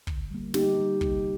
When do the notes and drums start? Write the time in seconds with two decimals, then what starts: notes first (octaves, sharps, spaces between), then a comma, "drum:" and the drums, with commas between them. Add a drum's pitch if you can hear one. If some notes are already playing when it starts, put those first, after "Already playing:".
0.07 D3, drum: kick
0.31 G3 A#3
0.54 D3 D#4 G4, drum: snare
0.77 G3 A#3
1.01 C3, drum: kick